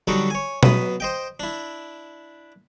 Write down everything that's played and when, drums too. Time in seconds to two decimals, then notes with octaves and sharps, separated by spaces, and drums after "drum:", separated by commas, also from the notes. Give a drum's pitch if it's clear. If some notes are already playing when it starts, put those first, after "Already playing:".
0.08 D3 F#3 G3 D#4 F#4 A4
0.30 C#5 G#5
0.63 B2 F#3 B4 D#6, drum: tom B2
1.00 C5 D#5 G5
1.40 D4 E4